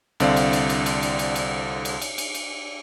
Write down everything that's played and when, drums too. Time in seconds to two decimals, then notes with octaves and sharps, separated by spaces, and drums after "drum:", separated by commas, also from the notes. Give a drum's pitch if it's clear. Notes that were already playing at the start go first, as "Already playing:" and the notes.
0.20 C2 D3 C4 D5 F5, drum: cymbal
0.36 drum: cymbal
0.53 drum: cymbal
0.69 drum: cymbal
0.86 drum: cymbal
1.02 drum: cymbal
1.19 drum: cymbal
1.35 drum: cymbal
1.85 drum: cymbal
2.01 drum: cymbal
2.18 drum: cymbal
2.35 drum: cymbal